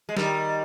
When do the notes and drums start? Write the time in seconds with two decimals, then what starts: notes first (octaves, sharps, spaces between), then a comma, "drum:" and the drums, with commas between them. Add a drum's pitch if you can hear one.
0.09 G#3
0.17 D#3 G3, drum: snare